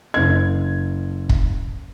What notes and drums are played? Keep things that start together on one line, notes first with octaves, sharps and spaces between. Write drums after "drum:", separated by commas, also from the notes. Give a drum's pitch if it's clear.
F#1 G#6
drum: kick